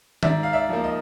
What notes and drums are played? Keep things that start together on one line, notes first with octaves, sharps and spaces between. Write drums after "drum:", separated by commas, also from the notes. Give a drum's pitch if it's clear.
G#2 D5 E5, drum: tom D#3
F5
D5 E5
F3 A#3
D#5